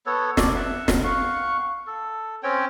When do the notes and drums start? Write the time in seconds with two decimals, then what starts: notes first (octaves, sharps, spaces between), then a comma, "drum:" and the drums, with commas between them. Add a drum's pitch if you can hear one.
0.06 B3 A4 C#5
0.37 A4 D5, drum: snare
0.55 E5 F#5
0.88 drum: snare
1.04 F5 F#5 C#6
1.87 A4
2.43 C4 C#4 C#5 G5